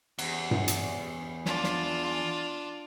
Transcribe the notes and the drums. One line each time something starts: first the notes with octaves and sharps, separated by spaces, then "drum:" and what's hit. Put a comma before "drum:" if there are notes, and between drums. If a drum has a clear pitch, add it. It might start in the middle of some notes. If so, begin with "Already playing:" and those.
E2, drum: cymbal
drum: tom G2
drum: hi-hat
D4 F4, drum: snare
drum: snare